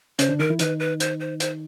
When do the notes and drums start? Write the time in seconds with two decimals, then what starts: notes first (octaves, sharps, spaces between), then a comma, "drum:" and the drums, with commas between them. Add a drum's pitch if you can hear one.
0.19 C#3 C#4 C5, drum: hi-hat
0.29 D3 D4
0.39 D#3 D#4 A#4
0.50 E3 E4
0.59 D#3 D#4 B4, drum: hi-hat
0.80 B4
1.00 C5, drum: hi-hat
1.20 C5
1.40 C5, drum: hi-hat